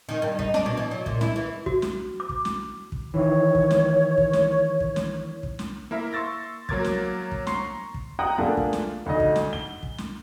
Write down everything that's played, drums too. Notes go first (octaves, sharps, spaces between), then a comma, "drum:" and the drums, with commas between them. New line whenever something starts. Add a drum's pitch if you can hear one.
D#3
G2
D#4, drum: kick
D4, drum: snare
B2
E3
F#3
A#2, drum: kick
E4, drum: snare
E3
F#4, drum: kick
drum: snare
D6
drum: kick
drum: snare
drum: kick
D#3 E3 C#5
drum: kick
drum: snare
drum: kick
drum: snare
drum: kick
drum: snare
drum: kick
drum: snare
A#3 E4 A#4 E5
C6 C#6 E6 A6 A#6
F#3 A#3 A#4 D6 G#6 A6, drum: kick
drum: snare
drum: kick
A#5 C6 C#6 C7, drum: snare
drum: kick
F#5 G5 A#5 D#6 F#6
A3 A#3 D4 F4 G#4
drum: kick
drum: snare
D2 D#4 D#5
drum: kick
drum: snare
G7
drum: kick
drum: snare